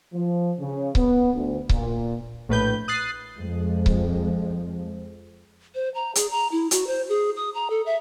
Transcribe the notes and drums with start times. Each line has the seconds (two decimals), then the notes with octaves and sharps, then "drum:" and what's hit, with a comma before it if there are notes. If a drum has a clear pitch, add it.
0.14 F3
0.59 C#3
0.95 B3, drum: kick C#1
1.34 D2
1.69 A#2, drum: kick C#1
2.49 A#1 A2 B4 G6
2.88 D#6 F#6 A6 C7
3.37 F2 F3 G#3
3.86 drum: kick C#1
5.75 C5
5.95 A#5
6.15 G#4, drum: hi-hat
6.31 A#5
6.52 E4
6.71 F#4, drum: hi-hat
6.87 C5
7.09 G#4
7.36 D#6
7.55 A#5
7.70 A4
7.86 E5